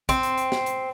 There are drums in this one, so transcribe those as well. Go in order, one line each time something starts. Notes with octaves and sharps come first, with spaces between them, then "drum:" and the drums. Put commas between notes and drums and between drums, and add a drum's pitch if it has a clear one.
C4, drum: kick, hi-hat
drum: hi-hat
drum: hi-hat
drum: snare
drum: hi-hat